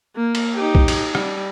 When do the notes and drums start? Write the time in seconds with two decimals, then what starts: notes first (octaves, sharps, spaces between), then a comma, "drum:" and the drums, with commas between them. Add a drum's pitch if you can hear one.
0.16 A#3
0.35 drum: cymbal
0.55 D#4 G4
0.75 drum: kick
0.88 drum: cymbal
1.15 G3, drum: rim click